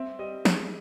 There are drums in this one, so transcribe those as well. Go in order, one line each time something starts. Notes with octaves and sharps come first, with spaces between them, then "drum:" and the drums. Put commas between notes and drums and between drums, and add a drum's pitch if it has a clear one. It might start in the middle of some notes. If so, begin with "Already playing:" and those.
Already playing: C4 E5
G3 D#5
G#3, drum: snare